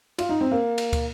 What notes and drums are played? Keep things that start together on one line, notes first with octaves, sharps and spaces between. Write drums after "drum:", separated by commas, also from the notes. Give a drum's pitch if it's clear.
F4, drum: cymbal
D#4
C4
A#3
drum: cymbal
drum: kick, cymbal